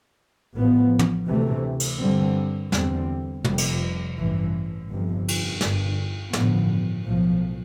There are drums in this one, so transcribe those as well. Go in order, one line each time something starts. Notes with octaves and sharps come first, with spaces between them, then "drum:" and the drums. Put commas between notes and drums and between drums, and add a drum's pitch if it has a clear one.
A1 A2 F3 B3
drum: tom
D2 C3 E3 A3
drum: cymbal
G2 D3 G3 C4
E2 D3 G3 C4, drum: snare
F1 F2 C3 G3, drum: tom
drum: cymbal
A1 G2 E3
G1 F2 C3
drum: cymbal
G1 G2 D3, drum: snare
A1 G2 D3 F3 B3, drum: snare
B1 A2 F3